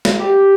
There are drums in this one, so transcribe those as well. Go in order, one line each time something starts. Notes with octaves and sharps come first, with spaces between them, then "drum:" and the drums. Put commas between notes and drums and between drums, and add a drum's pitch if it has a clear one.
drum: snare
G4